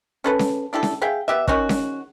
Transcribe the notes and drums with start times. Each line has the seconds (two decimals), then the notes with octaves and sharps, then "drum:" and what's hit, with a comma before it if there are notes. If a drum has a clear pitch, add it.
0.24 C#4 A4 B4
0.39 drum: snare C#4
0.73 D4 E4 G4 A4
0.83 drum: snare C#4
1.02 G#4 E5 F5 G5
1.28 B3 G4 E5
1.48 D#3 C#4 F#4, drum: kick
1.69 drum: snare C#4